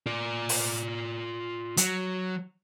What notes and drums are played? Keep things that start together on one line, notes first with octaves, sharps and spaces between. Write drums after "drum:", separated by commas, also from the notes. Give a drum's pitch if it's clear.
F4 D5
drum: open hi-hat
F#3, drum: hi-hat